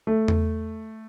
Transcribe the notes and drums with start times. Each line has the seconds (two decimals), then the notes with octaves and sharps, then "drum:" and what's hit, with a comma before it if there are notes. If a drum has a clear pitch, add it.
0.07 A3
0.28 drum: tom E2